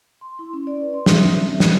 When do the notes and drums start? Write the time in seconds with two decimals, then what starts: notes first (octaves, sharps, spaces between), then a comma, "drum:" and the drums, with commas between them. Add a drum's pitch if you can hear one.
0.21 C6
0.39 E4
0.53 C#4
0.67 D5
0.81 B4
0.94 C6
1.06 E5, drum: snare
1.18 C4
1.33 C#4
1.48 E5
1.60 C#4, drum: snare